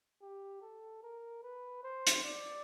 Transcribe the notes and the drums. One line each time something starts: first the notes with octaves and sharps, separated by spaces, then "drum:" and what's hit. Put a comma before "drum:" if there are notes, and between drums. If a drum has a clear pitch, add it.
G4
A4
A#4
B4
C5
drum: hi-hat
D5